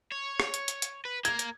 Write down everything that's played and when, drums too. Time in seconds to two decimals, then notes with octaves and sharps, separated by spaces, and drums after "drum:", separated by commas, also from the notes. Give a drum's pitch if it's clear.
0.12 C#5
0.40 drum: rim click
0.54 drum: hi-hat
0.68 drum: hi-hat
0.82 drum: hi-hat
1.05 B4
1.25 A#3 A#4 G#6, drum: hi-hat
1.39 drum: hi-hat